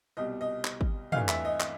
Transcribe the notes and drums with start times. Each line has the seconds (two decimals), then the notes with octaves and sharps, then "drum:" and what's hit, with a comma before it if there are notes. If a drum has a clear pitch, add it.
0.17 C2 B2 G3 D#5
0.41 D#5
0.65 drum: clap
0.81 drum: kick
1.12 G2 E3 A3 F5, drum: tom
1.29 E5, drum: clap
1.45 D#5
1.60 drum: clap